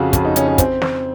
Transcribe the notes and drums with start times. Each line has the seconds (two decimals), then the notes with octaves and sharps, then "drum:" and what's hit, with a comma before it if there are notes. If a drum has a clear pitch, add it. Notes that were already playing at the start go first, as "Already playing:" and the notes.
Already playing: F2 C#3 F4 F#4
0.13 F2 F4, drum: kick, hi-hat
0.25 D#4
0.36 C#3 C#4, drum: hi-hat
0.48 C#4
0.58 C4, drum: kick, hi-hat
0.82 drum: snare